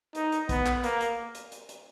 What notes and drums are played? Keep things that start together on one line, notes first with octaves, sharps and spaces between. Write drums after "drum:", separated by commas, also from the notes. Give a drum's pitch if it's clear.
D#4, drum: hi-hat
drum: hi-hat
B3, drum: kick, hi-hat
drum: clap
A#3, drum: hi-hat
drum: hi-hat
drum: hi-hat
drum: hi-hat
drum: hi-hat